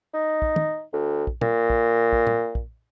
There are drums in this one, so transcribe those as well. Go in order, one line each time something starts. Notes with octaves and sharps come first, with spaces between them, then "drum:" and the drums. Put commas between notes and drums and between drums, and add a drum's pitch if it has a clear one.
D#4
drum: kick
drum: tom
D2
drum: kick
A#2, drum: tom
drum: kick
drum: kick
drum: tom A2
drum: kick